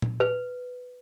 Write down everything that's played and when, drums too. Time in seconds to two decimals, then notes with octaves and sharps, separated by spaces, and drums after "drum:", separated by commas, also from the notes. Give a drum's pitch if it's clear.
0.02 drum: tom A#2
0.20 B4